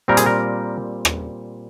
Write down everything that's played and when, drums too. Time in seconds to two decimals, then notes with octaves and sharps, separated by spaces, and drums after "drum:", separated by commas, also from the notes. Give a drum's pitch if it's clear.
0.08 A#2 G3 C4 A#4
0.17 G#4, drum: hi-hat
0.26 A#4
1.05 drum: rim click